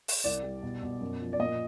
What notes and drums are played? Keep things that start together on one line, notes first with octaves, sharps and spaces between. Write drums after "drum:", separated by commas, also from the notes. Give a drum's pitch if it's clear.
drum: open hi-hat
C2 D5
G3
B2
B2
F#2
F3
D5
A#2 D#5